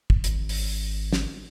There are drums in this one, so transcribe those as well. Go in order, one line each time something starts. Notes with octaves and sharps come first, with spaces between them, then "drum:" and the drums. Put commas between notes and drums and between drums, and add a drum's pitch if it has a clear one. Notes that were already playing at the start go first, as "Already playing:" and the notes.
drum: kick
G#1, drum: hi-hat
drum: open hi-hat
drum: snare